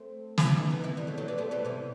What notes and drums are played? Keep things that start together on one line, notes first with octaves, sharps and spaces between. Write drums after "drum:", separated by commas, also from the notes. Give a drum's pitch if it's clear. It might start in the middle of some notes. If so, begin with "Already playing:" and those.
Already playing: A3 C4
drum: snare
B3 D#4
B3 D#4
C4 E4
G3 B3
F#3 A3
F#3 A3
G3 B3
A3 C4
G3 B3
C3 E3